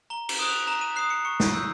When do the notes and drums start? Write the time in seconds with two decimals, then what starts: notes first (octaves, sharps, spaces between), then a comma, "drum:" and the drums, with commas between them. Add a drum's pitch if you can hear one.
0.10 A#5 G7
0.29 F#7, drum: cymbal
0.39 D#6 F#6
0.49 F7
0.67 A#5 E7
0.81 D#7
0.96 D#6 F#6 C7
1.10 C#7
1.25 C#6 C#7
1.40 drum: snare
1.54 E6 G6